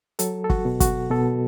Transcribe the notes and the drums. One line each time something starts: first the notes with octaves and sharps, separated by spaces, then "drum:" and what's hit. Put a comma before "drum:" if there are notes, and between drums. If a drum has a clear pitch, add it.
F#3 A4, drum: hi-hat
A4
F#4, drum: kick F#1
B2
F#4, drum: kick F#1, hi-hat
B2 A4